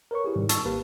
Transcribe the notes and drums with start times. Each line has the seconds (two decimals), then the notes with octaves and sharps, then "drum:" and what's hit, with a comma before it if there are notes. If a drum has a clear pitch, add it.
0.11 A#4 B4 C#5 C#6
0.24 E4 G4 G#4
0.36 G#2 C3 D#3 G3
0.49 A5 C#6 E6 A6, drum: hi-hat
0.65 G#1 A#3 G4 B4